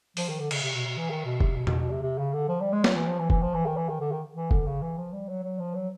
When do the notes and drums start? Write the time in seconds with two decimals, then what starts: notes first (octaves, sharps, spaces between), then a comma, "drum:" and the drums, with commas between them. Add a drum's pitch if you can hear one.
0.17 F3, drum: open hi-hat
0.28 D#3
0.39 D3
0.51 C#3, drum: cymbal
0.63 C3
0.75 B2
0.86 B2
0.97 E3
1.10 D#3
1.25 B2
1.41 C3, drum: kick F#1
1.56 B2
1.67 B2, drum: tom E2
1.79 B2
1.90 C3
2.02 C3
2.18 C#3
2.33 D3
2.48 F3
2.61 G3
2.73 G#3
2.84 F#3, drum: snare
2.96 E3
3.07 F3
3.19 E3
3.30 E3, drum: kick F#1
3.42 F3
3.54 E3
3.66 D#3
3.77 E3
3.89 D#3
4.00 D3
4.12 D#3
4.35 E3
4.51 D3, drum: kick F#1
4.66 C#3
4.82 E3
4.98 F3
5.13 G3
5.29 F#3
5.43 F#3
5.59 F3
5.75 F#3